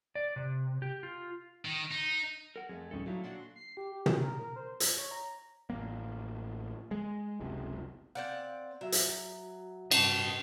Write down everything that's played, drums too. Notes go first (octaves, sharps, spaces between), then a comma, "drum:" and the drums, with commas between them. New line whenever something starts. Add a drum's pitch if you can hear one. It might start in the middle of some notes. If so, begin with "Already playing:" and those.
D5
C3
G4
F4
D#3 D#4
D#4
A#4 F#5
F2 F3 A3 G#4
A1 D2 G2 C#4 D#4 A4
D3 F#3 A3 D#4 E4 F5
A#2 D4 F#4 C6
C7
G4
G4
C#3, drum: tom
A#4
A#4
C5
G#6, drum: hi-hat
C#5
A#5
A1 A#3
G#3
F#1 C#2 C3
C4 D5 F5 F#5
F#3 F#4 E5
drum: hi-hat
G2 C3 D#5 A5, drum: cymbal